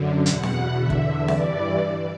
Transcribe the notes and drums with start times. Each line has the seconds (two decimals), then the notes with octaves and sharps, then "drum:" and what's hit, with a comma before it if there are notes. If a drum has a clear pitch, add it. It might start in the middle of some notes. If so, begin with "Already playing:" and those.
Already playing: F#2 D3
0.26 E2 B2 F#5, drum: hi-hat
0.43 drum: snare C4
0.77 E2 D3 E5
0.90 drum: kick
1.28 G2 E3 D5, drum: snare C4